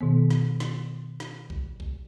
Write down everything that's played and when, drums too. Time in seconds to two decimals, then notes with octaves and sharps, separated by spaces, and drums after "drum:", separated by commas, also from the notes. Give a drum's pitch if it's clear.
0.01 B2 D#3 B3
0.30 drum: snare
0.60 drum: snare
1.20 drum: snare
1.50 drum: kick A#1
1.80 drum: kick A#1